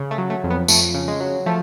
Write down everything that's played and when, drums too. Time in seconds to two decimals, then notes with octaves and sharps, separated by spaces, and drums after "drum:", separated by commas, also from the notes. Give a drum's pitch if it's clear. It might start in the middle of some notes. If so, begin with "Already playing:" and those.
Already playing: C#3
0.11 A3
0.18 F#3
0.30 A3
0.44 F2
0.50 B3
0.68 F2 A3, drum: tambourine
0.94 C#3
1.08 G#3
1.20 F#3
1.46 F3 A3